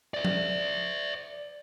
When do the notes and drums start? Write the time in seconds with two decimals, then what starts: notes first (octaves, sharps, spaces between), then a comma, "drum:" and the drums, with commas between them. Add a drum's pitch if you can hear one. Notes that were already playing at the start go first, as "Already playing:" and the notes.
0.14 D5 E5
0.25 drum: tom F3